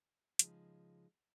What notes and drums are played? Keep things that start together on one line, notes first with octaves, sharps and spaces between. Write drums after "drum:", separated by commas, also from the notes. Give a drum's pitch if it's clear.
C#3 F3 G#3 D#4, drum: hi-hat